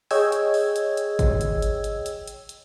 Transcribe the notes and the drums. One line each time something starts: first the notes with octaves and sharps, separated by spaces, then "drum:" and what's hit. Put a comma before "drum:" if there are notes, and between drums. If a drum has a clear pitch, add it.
G#4 C#5 D#5 G5 E6 G#6, drum: open hi-hat
drum: hi-hat
drum: open hi-hat
drum: hi-hat
drum: hi-hat
drum: kick, hi-hat
drum: hi-hat
drum: hi-hat
drum: hi-hat
drum: hi-hat
drum: hi-hat
drum: hi-hat